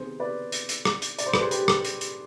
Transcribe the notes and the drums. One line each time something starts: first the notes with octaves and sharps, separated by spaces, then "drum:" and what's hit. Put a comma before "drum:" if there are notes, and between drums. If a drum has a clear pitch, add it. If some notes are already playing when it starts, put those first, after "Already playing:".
Already playing: C3 D#3 B3 G#4 C5
B4 D5
drum: hi-hat
drum: hi-hat
drum: rim click
drum: hi-hat
D5, drum: hi-hat
C5
B4, drum: rim click
G#4 C5
G4 B4, drum: hi-hat
drum: rim click
drum: hi-hat
drum: hi-hat